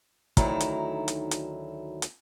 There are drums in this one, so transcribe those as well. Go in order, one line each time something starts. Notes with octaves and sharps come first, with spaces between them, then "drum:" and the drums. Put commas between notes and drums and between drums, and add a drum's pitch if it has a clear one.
D2 D#3 F#3 A3 D#4 E4, drum: kick, hi-hat
drum: hi-hat
drum: hi-hat
drum: hi-hat
drum: hi-hat